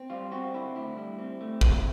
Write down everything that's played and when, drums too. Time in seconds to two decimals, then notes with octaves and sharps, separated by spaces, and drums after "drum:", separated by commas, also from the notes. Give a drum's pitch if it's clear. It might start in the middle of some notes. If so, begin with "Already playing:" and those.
Already playing: C4
0.10 G3 F4
0.31 C4 F#4
0.54 D3 E4
0.76 D2 E4
0.97 G3
1.19 C4
1.41 A3
1.61 C4, drum: kick